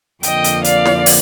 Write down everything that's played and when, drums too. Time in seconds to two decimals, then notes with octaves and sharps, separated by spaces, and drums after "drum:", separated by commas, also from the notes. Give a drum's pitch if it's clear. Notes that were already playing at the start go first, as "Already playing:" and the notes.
0.23 F2 D3 F3 A#3 D#5 G5, drum: hi-hat
0.44 drum: hi-hat
0.64 D5 F5, drum: hi-hat
0.85 drum: snare
1.06 drum: open hi-hat